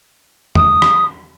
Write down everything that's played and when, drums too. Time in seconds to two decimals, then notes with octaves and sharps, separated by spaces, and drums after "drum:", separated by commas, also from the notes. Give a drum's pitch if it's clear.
0.55 D#6, drum: tom E2
0.82 drum: rim click